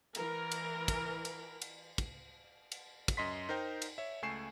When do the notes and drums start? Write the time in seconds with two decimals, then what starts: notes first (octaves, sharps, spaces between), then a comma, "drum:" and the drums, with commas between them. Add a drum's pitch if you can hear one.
0.15 E3 A#4, drum: cymbal
0.51 drum: cymbal
0.88 drum: kick, cymbal
1.25 drum: cymbal
1.62 drum: cymbal
1.98 drum: kick, cymbal
2.72 drum: cymbal
3.08 drum: kick, cymbal
3.17 F#2 D#5 C6 B6
3.49 D#4 A#4 C5 G5
3.82 drum: cymbal
3.98 C#5 E5
4.22 C#2 A3 G#5 C#6 C7 E7